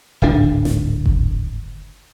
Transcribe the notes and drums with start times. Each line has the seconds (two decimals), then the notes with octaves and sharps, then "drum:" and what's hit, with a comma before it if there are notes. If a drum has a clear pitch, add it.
0.22 D1 G#1 D3 D4
0.65 drum: snare
1.06 drum: kick F#1